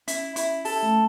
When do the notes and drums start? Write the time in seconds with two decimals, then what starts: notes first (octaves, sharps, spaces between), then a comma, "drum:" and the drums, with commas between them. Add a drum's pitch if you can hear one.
0.08 C#4 E4, drum: hi-hat
0.36 E4, drum: hi-hat
0.65 A4, drum: open hi-hat
0.83 A3